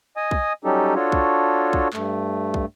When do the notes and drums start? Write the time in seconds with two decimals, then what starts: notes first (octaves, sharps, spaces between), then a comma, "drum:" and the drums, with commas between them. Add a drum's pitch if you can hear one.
0.17 D#5 G#5 D#6
0.31 drum: kick
0.64 F#3 G3 C#4 D#4 G4 A4
0.95 D4 F4 F#4 A4 C#5
1.12 drum: kick
1.73 drum: kick
1.93 G2 A3, drum: clap
2.54 drum: kick